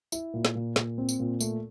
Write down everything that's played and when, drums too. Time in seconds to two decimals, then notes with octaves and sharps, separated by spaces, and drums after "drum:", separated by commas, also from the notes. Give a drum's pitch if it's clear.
0.12 E4, drum: tambourine
0.34 A#2
0.45 drum: snare
0.55 A#2
0.76 A#2, drum: snare
0.98 C4
1.09 drum: tambourine
1.20 A#2
1.41 A3, drum: tambourine